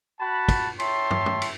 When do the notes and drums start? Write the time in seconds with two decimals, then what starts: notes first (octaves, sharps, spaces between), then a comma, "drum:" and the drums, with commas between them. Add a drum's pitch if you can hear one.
0.20 F#4 F#5 A5 B5
0.49 drum: kick, cymbal
0.80 C#5 E5 G5 A5 C6, drum: cymbal
1.11 drum: tom
1.26 drum: tom
1.42 drum: cymbal